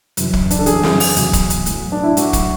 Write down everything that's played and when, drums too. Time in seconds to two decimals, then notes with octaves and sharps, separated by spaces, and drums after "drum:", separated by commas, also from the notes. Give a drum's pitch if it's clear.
0.17 F#2 C#3 E3, drum: hi-hat
0.33 drum: kick
0.51 D4, drum: hi-hat
0.59 A4
0.66 F#2 E3 G#4, drum: hi-hat
0.83 drum: snare
1.00 drum: open hi-hat
1.16 E2 B2 F#3, drum: hi-hat
1.33 drum: kick, hi-hat
1.50 drum: hi-hat
1.66 A2 F#3, drum: hi-hat
1.92 D4
2.03 E4
2.17 A2 F#3 F#4, drum: hi-hat
2.33 drum: kick, hi-hat